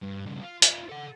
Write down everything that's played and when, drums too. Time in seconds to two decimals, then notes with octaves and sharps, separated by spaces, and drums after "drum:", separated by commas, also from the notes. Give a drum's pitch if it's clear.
0.02 G2
0.26 G2 C#3
0.41 F4
0.62 F4 E5, drum: hi-hat
0.89 A4 F#5